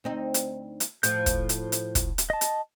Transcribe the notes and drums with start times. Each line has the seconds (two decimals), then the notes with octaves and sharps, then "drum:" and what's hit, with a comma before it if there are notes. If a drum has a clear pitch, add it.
0.04 D2 C4 D#4
0.34 drum: hi-hat
0.80 drum: hi-hat
1.03 A2 F3 G6, drum: hi-hat
1.26 drum: kick, hi-hat
1.49 drum: hi-hat
1.72 drum: hi-hat
1.95 drum: kick, hi-hat
2.18 drum: hi-hat
2.30 D#5 A5
2.41 drum: hi-hat